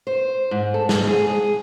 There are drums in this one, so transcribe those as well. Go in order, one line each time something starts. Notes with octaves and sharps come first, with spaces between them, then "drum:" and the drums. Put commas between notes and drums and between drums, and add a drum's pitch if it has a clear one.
C5
G#2
A4
G#2, drum: snare
G#4
G#4